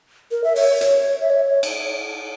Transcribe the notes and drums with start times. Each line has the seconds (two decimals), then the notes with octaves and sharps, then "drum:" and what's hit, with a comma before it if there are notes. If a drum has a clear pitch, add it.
0.31 A#4
0.44 E5
0.56 C#5, drum: open hi-hat
0.81 C#5, drum: hi-hat
1.21 E5
1.30 C#5
1.63 drum: cymbal